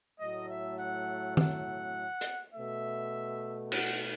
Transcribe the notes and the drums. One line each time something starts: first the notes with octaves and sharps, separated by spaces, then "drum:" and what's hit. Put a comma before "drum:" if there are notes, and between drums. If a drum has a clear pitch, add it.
A2 F#3 A3 D#5
E5
F#5
F#5, drum: tom D#3
drum: hi-hat
B2 A3 E5
F#5, drum: cymbal